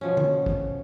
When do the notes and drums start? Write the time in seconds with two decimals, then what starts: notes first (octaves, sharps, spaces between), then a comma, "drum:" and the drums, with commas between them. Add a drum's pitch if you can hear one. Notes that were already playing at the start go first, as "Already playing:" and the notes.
0.01 B2 F3 C#4
0.17 drum: tom D3
0.46 drum: kick